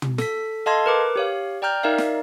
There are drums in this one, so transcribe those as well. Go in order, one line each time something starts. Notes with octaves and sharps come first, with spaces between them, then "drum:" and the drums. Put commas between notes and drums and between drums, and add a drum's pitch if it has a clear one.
drum: tom
A4 B6, drum: snare
A4 D#5 F5 A5 C6 G#6
A#4 B4 D6
G4 C#5 F5
D5 G5 A#5 F6 G6
D#4 A#4 D5 E5 F5
drum: snare